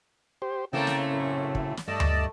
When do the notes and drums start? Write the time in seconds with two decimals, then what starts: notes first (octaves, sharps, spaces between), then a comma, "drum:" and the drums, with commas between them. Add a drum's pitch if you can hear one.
0.42 G4 C5
0.73 C#3 A3 A#3 C4 C#4 E4 G5 A5
0.87 drum: snare
1.09 F#2 A2
1.55 drum: kick
1.77 drum: snare
1.88 G2 A3 D5 D#5 A5
2.00 drum: tom D2